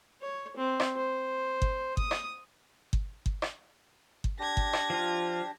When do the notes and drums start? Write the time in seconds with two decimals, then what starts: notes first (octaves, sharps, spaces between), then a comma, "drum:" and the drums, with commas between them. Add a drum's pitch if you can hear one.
0.22 C#5
0.56 C4
0.80 drum: rim click
0.96 C5
1.62 drum: kick G1
1.97 D#6, drum: kick G1
2.11 drum: rim click
2.93 drum: kick G1
3.26 drum: kick G1
3.42 drum: rim click
4.24 drum: kick G1
4.39 D4 G4 G#6 A#6
4.57 drum: kick G1
4.73 drum: rim click
4.90 F3 F4